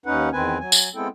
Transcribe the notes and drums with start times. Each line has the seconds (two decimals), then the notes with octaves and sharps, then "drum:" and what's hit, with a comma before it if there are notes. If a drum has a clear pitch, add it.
0.06 D#2 C#4 D#4 B4 F#5
0.33 E2 D#3 C4 B4 G#5
0.59 F#3 G#5
0.72 drum: tambourine
0.95 G#3 B3 C4 E4 A4 G5